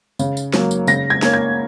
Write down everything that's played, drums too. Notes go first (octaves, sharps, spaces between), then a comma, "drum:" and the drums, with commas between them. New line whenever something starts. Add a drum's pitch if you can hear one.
C#3, drum: tambourine
drum: tambourine
F#3 A#3, drum: snare
drum: tambourine
C#3 A#6, drum: tambourine
G#6
A#3 C#4, drum: snare
G#6